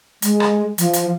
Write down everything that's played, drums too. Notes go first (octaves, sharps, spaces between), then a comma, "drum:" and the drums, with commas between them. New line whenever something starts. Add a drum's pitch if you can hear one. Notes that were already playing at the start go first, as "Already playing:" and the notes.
G#3, drum: hi-hat
drum: rim click
F3, drum: hi-hat
drum: hi-hat